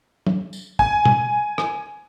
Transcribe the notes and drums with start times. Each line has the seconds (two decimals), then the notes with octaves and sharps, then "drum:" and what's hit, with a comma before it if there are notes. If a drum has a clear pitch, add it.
0.27 drum: tom
0.53 drum: tambourine
0.79 G#5, drum: kick
1.05 drum: tom
1.58 drum: rim click